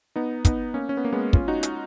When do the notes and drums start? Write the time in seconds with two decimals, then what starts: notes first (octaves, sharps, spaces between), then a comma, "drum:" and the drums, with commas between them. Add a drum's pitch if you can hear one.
0.16 B3 D#4
0.45 B3 D#4, drum: kick, hi-hat
0.74 A#3 C#4
0.89 C#4
0.97 B3
1.04 A#3
1.13 G#3 B3
1.33 C#4 F4, drum: kick
1.48 D#4 F#4
1.63 drum: hi-hat